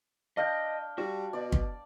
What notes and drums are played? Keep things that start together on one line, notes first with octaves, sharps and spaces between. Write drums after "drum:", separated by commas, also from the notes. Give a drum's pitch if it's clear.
D4 D#5 F5 G5
G3 F#4
B2 D5
drum: kick